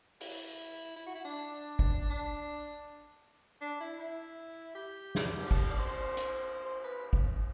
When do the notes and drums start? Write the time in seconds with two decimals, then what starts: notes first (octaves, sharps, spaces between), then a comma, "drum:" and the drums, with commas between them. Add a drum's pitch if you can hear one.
0.21 E4, drum: open hi-hat
0.96 E4
1.06 F#4
1.15 E4
1.24 D4
1.79 drum: kick
2.10 D4
3.61 D4
3.80 E4
3.99 E4
4.75 G4
5.15 drum: snare
5.37 drum: cymbal
5.51 A4, drum: kick
5.70 D5
5.79 C5
6.17 drum: hi-hat
6.65 C5
6.84 B4
7.13 drum: kick